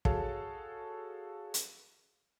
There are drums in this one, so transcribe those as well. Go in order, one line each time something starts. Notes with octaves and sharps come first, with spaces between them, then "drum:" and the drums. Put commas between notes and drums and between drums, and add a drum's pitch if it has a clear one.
F#4 G#4 A4 C#5 F5 A5, drum: kick
drum: hi-hat